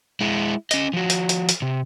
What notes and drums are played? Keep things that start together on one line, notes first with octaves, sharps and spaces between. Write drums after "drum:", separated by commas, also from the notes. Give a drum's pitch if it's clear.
G#3 E4
C#4 D#5, drum: hi-hat
F3 F#4
drum: hi-hat
drum: hi-hat
drum: hi-hat
C3